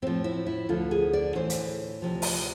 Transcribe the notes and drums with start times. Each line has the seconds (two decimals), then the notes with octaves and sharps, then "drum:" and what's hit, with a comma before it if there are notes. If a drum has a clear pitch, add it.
0.02 A2 F3 C4
0.24 E4
0.46 E4
0.69 D2 D3 F3 F4
0.91 G#4
1.13 D5
1.35 A2 E3 C5
1.50 drum: hi-hat
2.02 D2 C3 F3
2.22 drum: open hi-hat